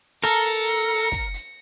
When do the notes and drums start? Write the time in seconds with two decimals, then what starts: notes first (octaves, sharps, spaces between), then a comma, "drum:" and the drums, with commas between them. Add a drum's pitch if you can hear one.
0.24 A4 A#4 A#5 A#6 C#7, drum: rim click
0.46 drum: hi-hat
0.68 drum: hi-hat
0.90 drum: hi-hat
1.12 drum: kick, hi-hat
1.34 drum: hi-hat